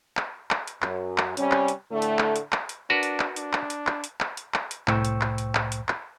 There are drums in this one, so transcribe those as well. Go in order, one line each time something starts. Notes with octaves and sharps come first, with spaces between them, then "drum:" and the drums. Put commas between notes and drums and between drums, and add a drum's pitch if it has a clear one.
drum: clap
drum: clap
drum: hi-hat
F#2, drum: clap
drum: clap
C3 G3 C#4, drum: hi-hat
drum: clap
drum: hi-hat
A2 D3 A3
drum: hi-hat
drum: clap
drum: hi-hat
drum: clap
drum: hi-hat
D4 F#4 A#4 B4
drum: hi-hat
drum: clap
D4, drum: hi-hat
drum: clap
drum: hi-hat
drum: clap
drum: hi-hat
drum: clap
drum: hi-hat
drum: clap
drum: hi-hat
C2 A2 C5 G5 C#6 E6, drum: clap
drum: hi-hat
drum: clap
drum: hi-hat
drum: clap
drum: hi-hat
drum: clap